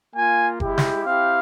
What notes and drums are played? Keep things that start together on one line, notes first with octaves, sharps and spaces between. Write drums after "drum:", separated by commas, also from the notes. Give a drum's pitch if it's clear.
A#3 F4 G#5
G#3 E4 G4, drum: kick F#1
drum: snare
C4 E4 G4 F5